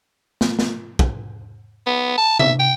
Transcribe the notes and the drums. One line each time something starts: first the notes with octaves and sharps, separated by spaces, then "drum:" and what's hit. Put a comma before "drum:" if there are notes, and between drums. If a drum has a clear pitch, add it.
drum: snare
drum: snare
drum: kick
B3
A5
E5, drum: tom C3
G5